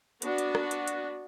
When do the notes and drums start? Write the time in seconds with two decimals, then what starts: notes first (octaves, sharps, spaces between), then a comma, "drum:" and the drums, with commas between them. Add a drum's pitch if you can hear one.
0.22 B3 D4 F#4, drum: hi-hat
0.38 drum: hi-hat
0.55 drum: rim click
0.71 drum: hi-hat
0.88 drum: hi-hat